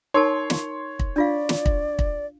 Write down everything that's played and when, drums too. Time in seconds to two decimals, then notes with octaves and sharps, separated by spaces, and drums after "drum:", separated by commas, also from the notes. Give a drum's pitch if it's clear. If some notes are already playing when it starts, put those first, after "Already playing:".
0.14 D#4 A#4 C#5 A5 C6
0.50 drum: snare
0.99 drum: kick
1.16 D4 F4 D5 F5
1.49 drum: snare
1.66 drum: kick
1.99 drum: kick